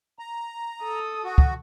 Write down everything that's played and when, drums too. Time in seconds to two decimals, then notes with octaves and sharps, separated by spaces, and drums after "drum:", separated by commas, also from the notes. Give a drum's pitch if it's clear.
0.19 A#5
0.82 A4 D#6
1.24 F#4
1.38 drum: kick